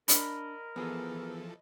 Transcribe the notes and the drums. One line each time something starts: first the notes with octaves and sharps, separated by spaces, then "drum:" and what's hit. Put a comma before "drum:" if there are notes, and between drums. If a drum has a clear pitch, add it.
D4 A#4 D#5 B5, drum: hi-hat
E3 F3 B3 G#4 A4